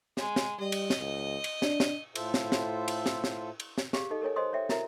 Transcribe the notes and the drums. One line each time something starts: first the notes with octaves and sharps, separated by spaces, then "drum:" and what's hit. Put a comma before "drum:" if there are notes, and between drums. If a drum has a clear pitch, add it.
G#3, drum: snare
drum: snare
G3 D#5
drum: cymbal
drum: snare
C#2
drum: cymbal
D4, drum: snare
drum: snare
A2 F4 A4 C5 E5, drum: cymbal
drum: snare
drum: snare
drum: cymbal
drum: snare
drum: snare
drum: cymbal
drum: snare
G4 G#4 D5 F5, drum: snare
D#4 A4 D#5
A4 A#4 C#5 G#5
C5 C#5 D#5 G#5 C6 D#6
C#5 D5 E5 G5
E4 F#4 A#4 E5 A#5, drum: snare